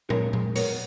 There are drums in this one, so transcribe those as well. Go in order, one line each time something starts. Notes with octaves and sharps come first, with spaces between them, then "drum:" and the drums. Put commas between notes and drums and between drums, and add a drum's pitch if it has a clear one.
G#3 A#4 C#5, drum: tom A#2
G#3, drum: tom A#2
B3 A#4 C#5, drum: open hi-hat